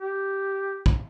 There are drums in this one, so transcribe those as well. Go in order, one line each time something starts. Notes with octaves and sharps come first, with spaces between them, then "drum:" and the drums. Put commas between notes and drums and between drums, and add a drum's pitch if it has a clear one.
G4
drum: kick